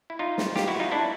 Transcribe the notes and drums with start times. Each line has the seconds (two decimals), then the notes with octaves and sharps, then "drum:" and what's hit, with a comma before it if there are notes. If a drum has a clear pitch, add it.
0.10 E4
0.19 D#4 F4
0.38 drum: snare
0.56 F4 G4, drum: snare
0.68 E4 F#4
0.79 D#4 F4
0.91 D4 E4